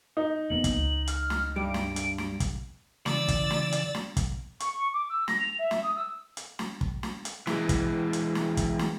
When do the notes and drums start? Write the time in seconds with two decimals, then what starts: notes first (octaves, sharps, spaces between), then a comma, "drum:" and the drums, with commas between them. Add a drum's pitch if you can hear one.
0.17 D#4
0.50 E1 A#3 B3 F#7
0.64 drum: kick, hi-hat
0.76 C#2
1.07 F6, drum: hi-hat
1.30 drum: snare
1.56 G2 G3 D7
1.74 drum: snare
1.96 drum: hi-hat
2.18 drum: snare
2.40 drum: kick, hi-hat
3.06 C#3 E3 D5 E6 A6, drum: snare
3.28 drum: kick, hi-hat
3.50 drum: snare
3.73 drum: hi-hat
3.95 drum: snare
4.17 drum: kick, hi-hat
4.60 C#6, drum: hi-hat
4.75 C#6
4.93 D6
5.10 E6
5.28 A#6, drum: snare
5.40 F7
5.59 E5
5.71 drum: snare
5.83 D#6
5.96 E6
6.37 drum: hi-hat
6.59 drum: snare
6.81 drum: kick
7.03 drum: snare
7.25 drum: hi-hat
7.47 E3 G#3, drum: snare
7.69 drum: kick, hi-hat
8.13 drum: hi-hat
8.35 drum: snare
8.57 drum: kick, hi-hat
8.79 drum: snare